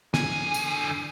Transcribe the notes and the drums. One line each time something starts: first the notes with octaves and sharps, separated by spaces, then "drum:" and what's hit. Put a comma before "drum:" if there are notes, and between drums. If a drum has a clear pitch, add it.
D3 G#5, drum: snare
drum: tambourine